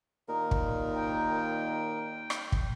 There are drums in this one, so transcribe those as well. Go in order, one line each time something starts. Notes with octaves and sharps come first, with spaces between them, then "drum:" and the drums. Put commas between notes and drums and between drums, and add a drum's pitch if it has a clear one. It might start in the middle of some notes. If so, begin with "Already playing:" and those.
D#2 A#2 D#4 A#4
drum: kick
G5
drum: rim click
drum: kick